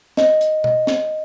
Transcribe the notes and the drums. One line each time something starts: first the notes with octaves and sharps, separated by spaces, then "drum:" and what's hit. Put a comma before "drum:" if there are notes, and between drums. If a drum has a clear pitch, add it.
D#5, drum: snare
drum: hi-hat
D#5, drum: tom B2
drum: snare